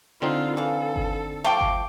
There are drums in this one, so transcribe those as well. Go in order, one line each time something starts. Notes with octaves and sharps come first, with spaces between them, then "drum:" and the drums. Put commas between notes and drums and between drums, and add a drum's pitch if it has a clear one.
D3 C4 D#4 F4
E3 A4 F5
drum: kick G1
F3 A3 F5 G5 D6
drum: kick G1